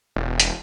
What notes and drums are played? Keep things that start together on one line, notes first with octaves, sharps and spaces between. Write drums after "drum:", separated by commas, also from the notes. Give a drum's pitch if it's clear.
E1
drum: hi-hat